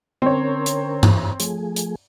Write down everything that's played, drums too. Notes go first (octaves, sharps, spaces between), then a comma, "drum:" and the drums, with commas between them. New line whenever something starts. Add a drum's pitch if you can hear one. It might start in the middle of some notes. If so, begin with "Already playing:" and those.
D3 C4 C#4 A#4 C#5
drum: hi-hat
drum: tom G2
F3 A3 G#4, drum: hi-hat
drum: hi-hat